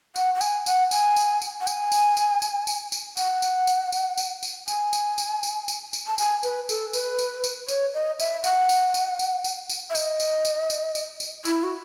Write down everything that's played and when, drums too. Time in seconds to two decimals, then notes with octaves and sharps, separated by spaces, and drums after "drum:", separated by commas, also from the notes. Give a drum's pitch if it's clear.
0.16 F#5, drum: tambourine
0.35 F#5
0.41 G#5, drum: tambourine
0.66 F#5, drum: tambourine
0.91 G#5, drum: tambourine
1.16 drum: tambourine
1.42 drum: tambourine
1.61 F#5
1.67 G#5, drum: tambourine
1.92 drum: tambourine
2.17 drum: tambourine
2.42 drum: tambourine
2.67 drum: tambourine
2.92 drum: tambourine
3.17 F#5, drum: tambourine
3.42 drum: tambourine
3.67 drum: tambourine
3.92 drum: tambourine
4.18 drum: tambourine
4.43 drum: tambourine
4.68 G#5, drum: tambourine
4.93 drum: tambourine
5.18 drum: tambourine
5.43 drum: tambourine
5.68 drum: tambourine
5.93 drum: tambourine
6.07 A5
6.18 G#5, drum: tambourine
6.43 B4, drum: tambourine
6.69 A4, drum: tambourine
6.93 B4, drum: tambourine
7.19 drum: tambourine
7.44 drum: tambourine
7.68 C#5, drum: tambourine
7.94 D#5
8.20 E5, drum: tambourine
8.44 F#5, drum: tambourine
8.69 drum: tambourine
8.94 drum: tambourine
9.19 drum: tambourine
9.44 drum: tambourine
9.69 drum: tambourine
9.90 E5
9.95 D#5, drum: tambourine
10.20 drum: tambourine
10.45 drum: tambourine
10.70 drum: tambourine
10.95 drum: tambourine
11.20 drum: tambourine
11.45 E4, drum: tambourine
11.63 F#4